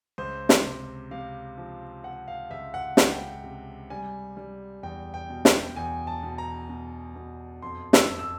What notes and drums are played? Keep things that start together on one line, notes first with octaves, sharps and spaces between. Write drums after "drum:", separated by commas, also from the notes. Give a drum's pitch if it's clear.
C#2 C5
drum: snare
C3
C3 F5
F3
C3 F#5
F5
C#2 E5
F#5
C#2 G5, drum: snare
C3
G3 G#5
G3
E2 G5
G5
B2
G5, drum: snare
E2 G#5
A5
B2
A#5
B2
B2
F2 C6
E6, drum: snare
F2
E6